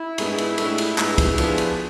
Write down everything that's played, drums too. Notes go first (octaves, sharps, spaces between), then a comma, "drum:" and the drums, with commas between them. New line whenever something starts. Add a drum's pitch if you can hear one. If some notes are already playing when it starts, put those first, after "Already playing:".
Already playing: E4
G#2 G#3 B3 D4, drum: cymbal
drum: cymbal
A2 G#3 D4 A4, drum: cymbal
drum: cymbal
G#2 G#3 B3 E4, drum: clap
drum: kick, cymbal
F3 B3 D4 F4 G#4, drum: cymbal
drum: cymbal